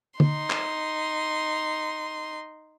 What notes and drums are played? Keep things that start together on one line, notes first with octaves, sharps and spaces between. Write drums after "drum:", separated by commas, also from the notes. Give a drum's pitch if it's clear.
D#4 C6, drum: tom
drum: clap